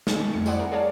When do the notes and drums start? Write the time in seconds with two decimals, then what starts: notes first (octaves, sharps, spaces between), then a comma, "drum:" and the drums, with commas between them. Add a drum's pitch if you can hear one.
0.07 drum: snare
0.20 A3
0.33 F2 A3 C#7
0.46 G3 E4 G#4 C5 D5 F#5, drum: tambourine
0.59 A#4
0.72 G#4 C#5 D5 F5 A5